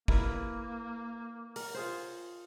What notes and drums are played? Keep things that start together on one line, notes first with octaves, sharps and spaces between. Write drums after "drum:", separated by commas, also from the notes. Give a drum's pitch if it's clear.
A#3 E4 A#4 B4, drum: kick
A#4, drum: open hi-hat
F4 G#4 C5